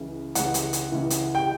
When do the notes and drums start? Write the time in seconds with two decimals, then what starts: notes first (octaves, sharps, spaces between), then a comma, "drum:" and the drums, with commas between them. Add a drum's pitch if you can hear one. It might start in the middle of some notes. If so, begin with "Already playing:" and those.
Already playing: C#2 C#3 E3
0.35 C#2 C#3 E3 F#5, drum: hi-hat
0.54 drum: hi-hat
0.73 drum: hi-hat
0.92 C#2 C#3 E3
1.10 drum: hi-hat
1.35 G5